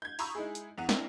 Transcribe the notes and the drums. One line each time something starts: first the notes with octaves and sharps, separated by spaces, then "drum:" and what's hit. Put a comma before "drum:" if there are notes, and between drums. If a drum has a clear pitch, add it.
G6 G#6
A#5 B5 C#6 D#6 E6, drum: open hi-hat
G#3 D#4 E4 G#4
drum: hi-hat
E2 F#5 D#7
C4 D4 E4 A#4, drum: snare